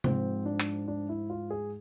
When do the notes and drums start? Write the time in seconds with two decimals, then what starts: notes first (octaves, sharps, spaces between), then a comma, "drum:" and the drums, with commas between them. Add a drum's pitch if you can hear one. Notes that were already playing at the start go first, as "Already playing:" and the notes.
0.04 G#2 F3 C4, drum: tom C3
0.45 D4
0.60 drum: clap
0.88 D4
1.09 E4
1.30 F4
1.50 G#4